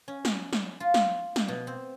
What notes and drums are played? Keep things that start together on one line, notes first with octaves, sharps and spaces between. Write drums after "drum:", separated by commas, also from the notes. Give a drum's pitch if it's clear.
C#4
drum: snare
drum: snare
F4
drum: snare
drum: snare
B2
C4